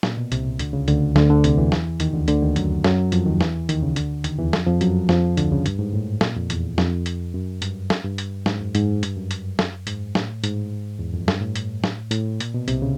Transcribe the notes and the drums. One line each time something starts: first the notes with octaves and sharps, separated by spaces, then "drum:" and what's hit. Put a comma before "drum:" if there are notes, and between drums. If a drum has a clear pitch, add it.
A#2, drum: snare
B2
C2 C3, drum: hi-hat
D2 D3, drum: hi-hat
C#2 C#3
D2 D3, drum: hi-hat
D2 D3, drum: snare
D2 D3
C2 C3, drum: hi-hat
E2 E3
drum: snare
D#2 D#3, drum: hi-hat
D2 D3
D2 D3, drum: hi-hat
D#2 D#3
F#2 F#3, drum: hi-hat
F#2 F#3, drum: snare
F2 F3, drum: hi-hat
D#2 D#3
E2 E3, drum: snare
D#2 D#3, drum: hi-hat
C#2 C#3
D2 D3, drum: hi-hat
D#2 D#3, drum: hi-hat
E2 E3
F2 F3, drum: snare
F2 F3
F#2 F#3, drum: hi-hat
F2 F3, drum: snare
D2 D3, drum: hi-hat
C#2 C#3
G2, drum: hi-hat
G#2
A2
A#2, drum: snare
F2
E2, drum: hi-hat
F2, drum: snare
drum: hi-hat
F#2
G2, drum: hi-hat
drum: snare
G2
drum: hi-hat
G#2, drum: snare
F#2
G#2, drum: hi-hat
G2, drum: hi-hat
F#2
drum: hi-hat
drum: snare
G#2, drum: hi-hat
A2, drum: snare
G#2, drum: hi-hat
E2
F2
G2, drum: snare
A2
drum: hi-hat
drum: snare
A2, drum: hi-hat
A#2, drum: hi-hat
B2
C2 C3, drum: hi-hat
C#3